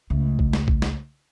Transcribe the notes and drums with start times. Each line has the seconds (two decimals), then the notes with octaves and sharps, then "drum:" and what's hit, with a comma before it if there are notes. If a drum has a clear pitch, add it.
0.10 C#2 A3
0.39 drum: kick A1
0.53 drum: snare
0.68 drum: kick A1
0.82 drum: snare